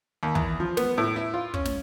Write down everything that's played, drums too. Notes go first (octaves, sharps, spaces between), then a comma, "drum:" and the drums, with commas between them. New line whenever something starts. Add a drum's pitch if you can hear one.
D#2
E2, drum: kick
F3
B3, drum: snare
A2
E4
F4
C#4, drum: kick
drum: snare